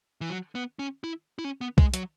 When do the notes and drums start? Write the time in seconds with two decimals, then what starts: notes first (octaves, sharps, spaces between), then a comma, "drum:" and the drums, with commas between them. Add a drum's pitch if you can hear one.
0.21 E3
0.30 F#3
0.55 B3
0.79 C#4
1.04 E4
1.39 E4
1.44 C#4
1.61 B3
1.78 G#3, drum: kick
1.94 F#3, drum: hi-hat